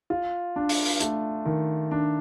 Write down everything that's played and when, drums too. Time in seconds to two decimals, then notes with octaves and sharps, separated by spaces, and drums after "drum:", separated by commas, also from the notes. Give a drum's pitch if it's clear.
0.10 F4
0.56 D4
0.69 drum: open hi-hat
0.85 drum: open hi-hat
1.00 A3, drum: hi-hat
1.45 D#3
1.91 D4